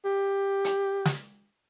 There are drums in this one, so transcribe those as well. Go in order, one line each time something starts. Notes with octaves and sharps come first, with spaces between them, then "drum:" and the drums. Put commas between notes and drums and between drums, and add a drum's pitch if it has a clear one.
G4
drum: hi-hat
drum: snare